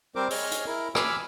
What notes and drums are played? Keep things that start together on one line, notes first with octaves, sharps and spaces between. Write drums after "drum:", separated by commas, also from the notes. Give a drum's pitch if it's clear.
G3 C4 A#4 C5 D6
G#4 C#5 D#5 F6, drum: open hi-hat
drum: hi-hat
E4 A#4
G#5 B5 D6 E6 F6, drum: rim click